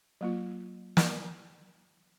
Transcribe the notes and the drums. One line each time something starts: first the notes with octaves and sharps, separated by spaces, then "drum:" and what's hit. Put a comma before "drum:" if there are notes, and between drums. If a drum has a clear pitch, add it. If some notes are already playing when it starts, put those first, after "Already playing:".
F#3 A#3 F4
drum: snare